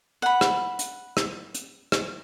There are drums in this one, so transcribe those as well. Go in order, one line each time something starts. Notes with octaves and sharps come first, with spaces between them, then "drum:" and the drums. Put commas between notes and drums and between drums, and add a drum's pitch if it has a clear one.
F#5 B5
drum: rim click
drum: hi-hat
drum: rim click
drum: hi-hat
drum: rim click